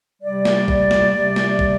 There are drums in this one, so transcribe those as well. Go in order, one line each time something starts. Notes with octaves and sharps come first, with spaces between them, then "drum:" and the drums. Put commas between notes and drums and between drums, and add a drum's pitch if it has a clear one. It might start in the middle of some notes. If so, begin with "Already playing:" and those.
C3 G3 D5
drum: snare
drum: kick
drum: snare
C3 G3
drum: snare
drum: kick